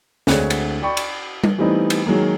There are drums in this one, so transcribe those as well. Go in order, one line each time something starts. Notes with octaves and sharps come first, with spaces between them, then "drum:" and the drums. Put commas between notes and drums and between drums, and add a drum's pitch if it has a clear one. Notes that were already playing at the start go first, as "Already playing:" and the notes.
D2 G#3 C4 D4 C#5 F#6, drum: snare
drum: cymbal
D5 G5 B5 C#6
drum: cymbal
drum: tom G3
E3 G3 A3 B3 C4 D#4
drum: cymbal
D#3 F#3 G#3 A#3